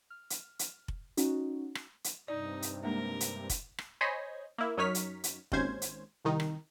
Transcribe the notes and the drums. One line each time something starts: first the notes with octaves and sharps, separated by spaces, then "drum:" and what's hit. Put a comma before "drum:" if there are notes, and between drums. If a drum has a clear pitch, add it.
F6
drum: hi-hat
drum: hi-hat
drum: kick F1
C#4 D#4 F#4, drum: hi-hat
drum: rim click
drum: hi-hat
G2 C3 D#4 D5
drum: hi-hat
G#3 A#3 D4 A#4
drum: hi-hat
drum: kick F1, hi-hat
drum: rim click
C5 C#5 D#5 G#5 B5
A#3 E4
F#2 F#3 D#4 C#5 F6 B6
drum: hi-hat
drum: hi-hat
G#1 D#2 C#4 C5 G#6, drum: kick F1
drum: hi-hat
C2 D#3 D#4
drum: rim click